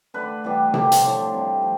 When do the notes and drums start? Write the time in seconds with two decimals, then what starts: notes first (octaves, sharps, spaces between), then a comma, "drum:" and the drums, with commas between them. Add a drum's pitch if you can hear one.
0.14 D3 A3 D4 B4
0.44 E3 G3 B3 D4
0.74 D3 A3 C4 G4, drum: tom C3
0.92 drum: hi-hat
1.04 A2 F3 A3 D4
1.33 C3 G3 C4
1.63 F3